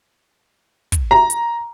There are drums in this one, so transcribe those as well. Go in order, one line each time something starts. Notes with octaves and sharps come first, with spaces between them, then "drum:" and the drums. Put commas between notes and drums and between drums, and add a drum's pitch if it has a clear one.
drum: kick, hi-hat
A#5
drum: hi-hat